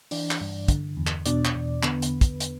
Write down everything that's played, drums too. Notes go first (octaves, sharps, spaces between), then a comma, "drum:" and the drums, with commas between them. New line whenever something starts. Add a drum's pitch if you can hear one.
E3 D4 D5, drum: open hi-hat
drum: clap
G2
D3, drum: kick, hi-hat
E2
drum: clap
B2 D4 D5, drum: hi-hat
drum: clap
E2
D3 B3 B4, drum: clap
drum: hi-hat
drum: kick, hi-hat
drum: hi-hat